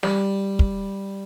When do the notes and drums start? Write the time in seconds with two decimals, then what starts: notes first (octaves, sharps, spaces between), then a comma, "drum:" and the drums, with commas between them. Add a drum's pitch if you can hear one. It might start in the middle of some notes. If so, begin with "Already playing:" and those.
0.03 G3, drum: snare
0.59 drum: kick